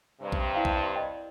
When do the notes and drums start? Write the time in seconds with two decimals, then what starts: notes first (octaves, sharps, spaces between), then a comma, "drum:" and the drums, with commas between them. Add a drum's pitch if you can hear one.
0.21 G2 C3
0.32 drum: kick A#1
0.55 E4 F5
0.65 drum: kick A#1
0.96 D5 D#5 G5